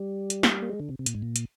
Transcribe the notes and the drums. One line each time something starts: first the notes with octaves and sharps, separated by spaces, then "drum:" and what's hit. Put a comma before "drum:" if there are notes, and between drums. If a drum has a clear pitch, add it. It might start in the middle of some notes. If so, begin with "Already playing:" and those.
Already playing: G3
drum: hi-hat
drum: snare
A#3
G#3
D3
C3
C3
A#2, drum: hi-hat
G#2
A#2
drum: hi-hat